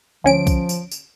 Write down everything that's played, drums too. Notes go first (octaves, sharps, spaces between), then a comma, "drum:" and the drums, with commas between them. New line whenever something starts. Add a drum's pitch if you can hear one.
D2 F3 C#4 D7
drum: kick C2, tambourine
drum: tambourine
drum: tambourine